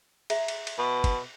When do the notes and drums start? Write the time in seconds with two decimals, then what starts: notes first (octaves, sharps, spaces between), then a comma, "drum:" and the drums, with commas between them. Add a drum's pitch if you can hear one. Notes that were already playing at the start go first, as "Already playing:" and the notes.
0.30 G#4 E5 A#5, drum: cymbal
0.48 drum: cymbal
0.67 drum: cymbal
0.78 B2
1.04 drum: kick, cymbal